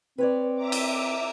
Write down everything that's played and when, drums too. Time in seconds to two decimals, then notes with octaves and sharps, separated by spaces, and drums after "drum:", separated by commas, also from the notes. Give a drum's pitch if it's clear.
0.18 C4 B4 C#5 D5
0.55 E5 A#5 D6
0.72 drum: cymbal